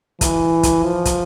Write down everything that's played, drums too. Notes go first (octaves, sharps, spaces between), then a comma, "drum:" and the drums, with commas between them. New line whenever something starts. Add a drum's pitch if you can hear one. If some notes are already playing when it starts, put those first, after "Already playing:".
E3, drum: kick, hi-hat
drum: kick, hi-hat
F3
drum: kick, hi-hat